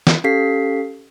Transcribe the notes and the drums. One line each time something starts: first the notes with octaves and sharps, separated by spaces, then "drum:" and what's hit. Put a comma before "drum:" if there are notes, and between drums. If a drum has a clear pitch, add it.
drum: snare
C#4 G4 A4 F5 B6 C7